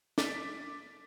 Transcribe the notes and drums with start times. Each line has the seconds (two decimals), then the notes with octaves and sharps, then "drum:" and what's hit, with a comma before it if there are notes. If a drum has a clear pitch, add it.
0.18 D6 A6 B6, drum: snare